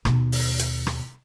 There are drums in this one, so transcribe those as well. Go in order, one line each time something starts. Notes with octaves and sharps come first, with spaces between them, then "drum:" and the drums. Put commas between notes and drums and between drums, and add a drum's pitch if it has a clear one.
D#2 B2, drum: rim click
drum: open hi-hat
drum: hi-hat
drum: rim click